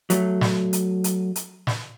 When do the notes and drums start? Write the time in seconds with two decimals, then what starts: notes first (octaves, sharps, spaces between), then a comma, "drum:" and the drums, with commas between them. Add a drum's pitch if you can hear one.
0.10 F#3 A3, drum: hi-hat
0.41 drum: snare
0.73 drum: hi-hat
1.04 drum: hi-hat
1.36 drum: hi-hat
1.67 drum: snare